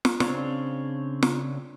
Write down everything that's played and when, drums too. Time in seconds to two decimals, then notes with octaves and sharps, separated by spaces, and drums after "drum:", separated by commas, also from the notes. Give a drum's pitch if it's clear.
0.05 drum: snare
0.20 C#3 C4 D4 C#5 F5, drum: snare
1.23 drum: snare